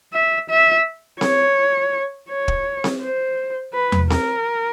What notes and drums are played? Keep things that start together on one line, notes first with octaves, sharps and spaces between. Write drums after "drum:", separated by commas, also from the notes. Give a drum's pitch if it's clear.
E5
E5
C#5, drum: snare C4
C#5
drum: kick
drum: snare C4
C5
B4
drum: tom E2
A#4, drum: snare C4